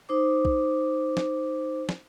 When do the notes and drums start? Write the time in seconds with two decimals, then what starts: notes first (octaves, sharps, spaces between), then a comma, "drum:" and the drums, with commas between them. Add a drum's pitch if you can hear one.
0.09 D#4 C5 D6
0.45 drum: kick
1.17 drum: snare
1.89 drum: snare